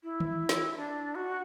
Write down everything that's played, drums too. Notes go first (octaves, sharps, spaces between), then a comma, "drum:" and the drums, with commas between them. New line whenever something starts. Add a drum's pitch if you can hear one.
E4
drum: tom D#3
drum: snare
D4
F#4